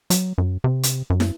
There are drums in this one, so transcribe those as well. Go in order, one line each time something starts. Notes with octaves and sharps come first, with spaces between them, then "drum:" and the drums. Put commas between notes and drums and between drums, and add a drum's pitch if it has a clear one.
F#3, drum: hi-hat
F#2
C3
drum: hi-hat
F#2
drum: snare